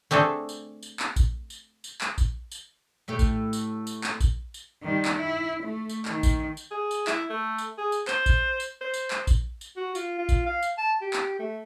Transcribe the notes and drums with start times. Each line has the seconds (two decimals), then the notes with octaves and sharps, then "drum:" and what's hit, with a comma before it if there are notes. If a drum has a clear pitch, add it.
0.11 A3 C4 D4 G#4 A4
0.49 drum: tambourine
0.83 drum: tambourine
0.99 drum: clap
1.16 drum: kick A#1, tambourine
1.50 drum: tambourine
1.84 drum: tambourine
2.01 drum: clap
2.18 drum: kick A#1, tambourine
2.52 drum: tambourine
3.08 A2 A3 G4
3.19 drum: kick A#1, tambourine
3.53 drum: tambourine
3.87 drum: tambourine
4.04 drum: clap
4.20 drum: kick A#1, tambourine
4.54 drum: tambourine
4.82 D#3 G3
5.05 drum: clap
5.15 E4
5.63 A3
5.89 drum: tambourine
6.05 D#3, drum: clap
6.23 drum: kick A#1, tambourine
6.57 drum: tambourine
6.71 G#4
6.91 drum: tambourine
7.07 E4, drum: clap
7.30 A3
7.58 drum: tambourine
7.78 G#4
7.92 drum: tambourine
8.07 C5, drum: clap
8.26 drum: kick A#1, tambourine
8.60 drum: tambourine
8.81 C5
8.94 drum: tambourine
9.10 drum: clap
9.27 drum: kick A#1, tambourine
9.61 drum: tambourine
9.76 F#4
9.95 F4, drum: tambourine
10.18 F4
10.29 drum: kick A#1, tambourine
10.46 F5
10.63 drum: tambourine
10.78 A5
11.01 G4
11.13 drum: clap
11.39 A3